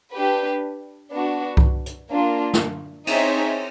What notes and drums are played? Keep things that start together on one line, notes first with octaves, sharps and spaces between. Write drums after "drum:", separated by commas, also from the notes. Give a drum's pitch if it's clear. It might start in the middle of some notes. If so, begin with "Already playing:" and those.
D4 G4 B4
B3 D4 F#4
drum: kick C2
drum: hi-hat
A#3 D4 F4
drum: snare
C4 D#4 G#4 C#5 E5, drum: cymbal